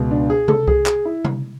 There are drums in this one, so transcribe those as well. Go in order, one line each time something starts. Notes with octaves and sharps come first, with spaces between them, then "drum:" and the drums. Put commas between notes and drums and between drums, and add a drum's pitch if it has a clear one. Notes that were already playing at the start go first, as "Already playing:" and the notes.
Already playing: C#2 B2
D4
G#4
A4, drum: tom C3
G#4, drum: kick C2
G#4, drum: clap
E4
drum: tom C3